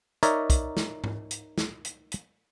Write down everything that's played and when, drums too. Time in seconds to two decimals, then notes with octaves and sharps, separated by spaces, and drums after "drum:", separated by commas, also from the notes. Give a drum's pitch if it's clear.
0.23 D#4 A#4 C#5 D5 E5, drum: hi-hat
0.50 drum: kick, hi-hat
0.77 drum: snare
1.04 drum: tom G#2
1.31 drum: hi-hat
1.58 drum: snare
1.85 drum: hi-hat
2.12 drum: hi-hat